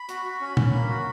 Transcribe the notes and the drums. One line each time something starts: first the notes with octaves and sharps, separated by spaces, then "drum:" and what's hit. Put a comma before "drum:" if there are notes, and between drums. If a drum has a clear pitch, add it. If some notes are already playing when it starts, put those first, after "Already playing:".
Already playing: B5
F#4, drum: hi-hat
F#4
C#4
C#4, drum: tom
A#3
F#4